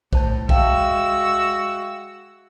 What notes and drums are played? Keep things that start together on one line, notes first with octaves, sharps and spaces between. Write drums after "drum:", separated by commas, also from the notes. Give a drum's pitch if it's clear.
A2 C5 A5 G6, drum: kick B1
G#3 F#4 E5 F5 G5 E6, drum: kick B1